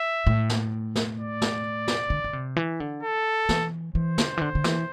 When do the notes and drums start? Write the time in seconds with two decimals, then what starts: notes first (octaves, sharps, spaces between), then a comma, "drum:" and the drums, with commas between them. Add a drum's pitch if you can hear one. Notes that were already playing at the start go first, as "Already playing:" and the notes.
Already playing: E5
0.27 A2
0.49 drum: snare
0.96 drum: snare
1.19 D5
1.42 drum: snare
1.88 drum: snare
2.10 D3
2.24 D3
2.33 C3
2.56 E3
2.80 D3
3.03 A4
3.49 E3, drum: snare
3.95 E3 C5
4.18 D3, drum: snare
4.37 E3
4.42 D3
4.55 D3
4.64 E3, drum: snare